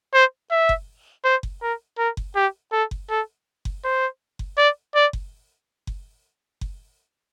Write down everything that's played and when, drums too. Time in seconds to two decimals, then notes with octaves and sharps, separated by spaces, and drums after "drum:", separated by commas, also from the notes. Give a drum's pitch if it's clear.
0.14 C5
0.51 E5
0.69 drum: kick F#1
1.25 C5
1.43 drum: kick F#1
1.62 A#4
1.98 A#4
2.17 drum: kick F#1
2.36 G4
2.72 A4
2.91 drum: kick F#1
3.10 A4
3.65 drum: kick F#1
3.84 C5
4.39 drum: kick F#1
4.57 D5
4.95 D5
5.13 drum: kick F#1
5.87 drum: kick F#1
6.61 drum: kick F#1